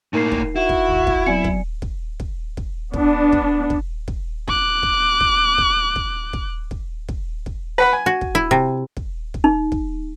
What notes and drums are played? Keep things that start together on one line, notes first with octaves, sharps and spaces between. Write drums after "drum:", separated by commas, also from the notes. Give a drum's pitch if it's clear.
A2 A#3 D#4 A#4 C7
drum: kick
E4 F#4
drum: kick
G#1 D#2 C#6
drum: kick
F#3 B3 C4 D5 G#5 C#7
drum: kick
drum: kick
drum: kick
drum: kick
B3 D4, drum: kick
drum: kick
drum: kick
drum: kick
D6 F#6, drum: kick
drum: kick
drum: kick
drum: kick
drum: kick
drum: kick
drum: kick
drum: kick
drum: kick
B4 F#5 B5
G#5
F#4
drum: kick
E4
C3
drum: kick
drum: kick
D#4
drum: kick